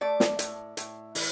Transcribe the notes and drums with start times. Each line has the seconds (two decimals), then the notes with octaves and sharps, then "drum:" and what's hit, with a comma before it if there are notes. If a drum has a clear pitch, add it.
0.01 A3 D5
0.20 drum: snare
0.39 A2, drum: hi-hat
0.77 A2, drum: hi-hat
1.15 E3, drum: open hi-hat